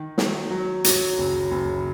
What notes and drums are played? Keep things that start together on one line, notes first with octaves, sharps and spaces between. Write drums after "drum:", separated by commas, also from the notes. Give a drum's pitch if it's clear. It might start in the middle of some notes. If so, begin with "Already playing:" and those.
Already playing: D#3
F#3, drum: snare
F#3
F#3, drum: hi-hat
F#1
F#1